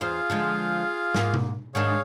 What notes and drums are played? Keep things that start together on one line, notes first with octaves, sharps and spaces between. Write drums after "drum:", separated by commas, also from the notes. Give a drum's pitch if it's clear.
E2 F4 G#4 C5 F5
D3 F3 G#3
G#2 A#3, drum: snare
drum: tom B2
G#2 D#3 D4 G#4 C#5 F5